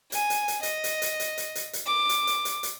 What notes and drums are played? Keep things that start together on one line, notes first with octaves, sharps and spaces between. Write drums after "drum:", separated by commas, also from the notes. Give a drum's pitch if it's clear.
G#5, drum: hi-hat
drum: hi-hat
drum: hi-hat
D#5, drum: hi-hat
drum: hi-hat
drum: hi-hat
drum: hi-hat
drum: hi-hat
drum: hi-hat
drum: hi-hat
D6
drum: hi-hat
drum: hi-hat
drum: hi-hat
drum: hi-hat